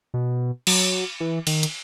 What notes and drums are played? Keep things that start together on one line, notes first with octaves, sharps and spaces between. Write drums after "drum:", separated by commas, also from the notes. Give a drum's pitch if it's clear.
B2
F#3, drum: cymbal
E3
D#3, drum: cymbal
drum: hi-hat